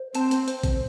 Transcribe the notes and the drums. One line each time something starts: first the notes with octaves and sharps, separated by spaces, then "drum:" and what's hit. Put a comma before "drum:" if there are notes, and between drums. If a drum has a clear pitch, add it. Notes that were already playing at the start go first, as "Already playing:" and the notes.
Already playing: C5
C4 A5, drum: hi-hat
drum: hi-hat
C5, drum: hi-hat
drum: kick, hi-hat